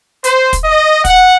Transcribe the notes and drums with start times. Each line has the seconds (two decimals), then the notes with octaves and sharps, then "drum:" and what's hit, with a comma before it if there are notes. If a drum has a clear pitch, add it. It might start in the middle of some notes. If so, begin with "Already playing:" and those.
0.24 C5, drum: hi-hat
0.53 drum: kick, hi-hat
0.64 D#5
1.05 F#5, drum: kick, hi-hat